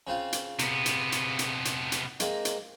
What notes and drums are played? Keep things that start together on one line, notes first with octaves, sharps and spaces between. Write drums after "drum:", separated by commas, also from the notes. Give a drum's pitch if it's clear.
C#3 C4 F4
drum: hi-hat
C3 B3, drum: hi-hat
drum: hi-hat
drum: hi-hat
drum: hi-hat
drum: hi-hat
drum: hi-hat
G#3 A#3 C4, drum: hi-hat
drum: hi-hat